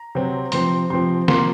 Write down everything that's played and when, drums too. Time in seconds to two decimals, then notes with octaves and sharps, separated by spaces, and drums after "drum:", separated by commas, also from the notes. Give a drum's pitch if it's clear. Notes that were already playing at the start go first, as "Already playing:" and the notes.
Already playing: A#5
0.15 C3 F#3 C4
0.52 C3 F3 C4 C6, drum: hi-hat
0.90 C3 F3 C4 C6
1.28 C3 F3 A#3 C6, drum: snare